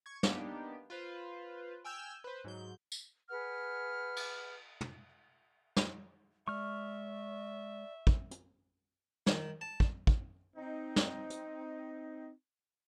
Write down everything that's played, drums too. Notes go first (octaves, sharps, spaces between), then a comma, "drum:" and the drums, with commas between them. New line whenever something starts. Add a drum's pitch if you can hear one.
C#6 G#6
A#3 B3 D4 D#4 G4, drum: snare
F4 B4 C5
G5 G#5 E6 F6 G6
B4 C5
G#2 F#3 G6
drum: tambourine
G#4 B4 F#5 F6
drum: cymbal
drum: tom
drum: snare
G#3 D5 E5 C#6 F6
drum: kick
drum: hi-hat
D#3, drum: snare
A5
drum: kick
drum: kick
C4 D#4
drum: snare
drum: hi-hat